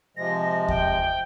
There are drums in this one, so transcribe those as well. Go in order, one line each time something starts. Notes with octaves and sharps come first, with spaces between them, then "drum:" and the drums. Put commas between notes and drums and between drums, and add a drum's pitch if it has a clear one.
C3 F3 G#3 A#6
G5, drum: kick D#2